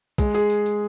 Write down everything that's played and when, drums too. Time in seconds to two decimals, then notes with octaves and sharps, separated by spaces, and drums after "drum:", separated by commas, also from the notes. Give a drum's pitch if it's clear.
0.18 G#3, drum: kick, tambourine
0.34 G#4, drum: tambourine
0.50 drum: tambourine
0.66 drum: tambourine